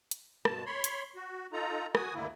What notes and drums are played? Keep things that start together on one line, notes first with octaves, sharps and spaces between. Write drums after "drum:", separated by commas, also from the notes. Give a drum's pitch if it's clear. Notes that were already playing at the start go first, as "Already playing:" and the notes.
drum: hi-hat
G2 B2 A5, drum: rim click
C#5 B5 C6
drum: hi-hat
F#4
D#4 F4 A4 A#5
F#4 G#5 D#6, drum: rim click
D2 G2 D3 D#3 A#3 E4